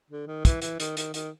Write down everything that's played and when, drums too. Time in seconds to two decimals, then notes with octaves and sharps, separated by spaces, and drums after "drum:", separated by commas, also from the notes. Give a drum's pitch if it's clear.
0.11 D3
0.27 D#3
0.45 E3, drum: kick, hi-hat
0.62 E3, drum: hi-hat
0.80 D#3, drum: hi-hat
0.97 D#3, drum: hi-hat
1.14 D#3, drum: hi-hat